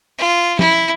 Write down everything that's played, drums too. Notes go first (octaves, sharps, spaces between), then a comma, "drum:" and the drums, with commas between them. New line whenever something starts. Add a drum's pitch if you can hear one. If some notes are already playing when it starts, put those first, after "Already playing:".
F4
E4, drum: tom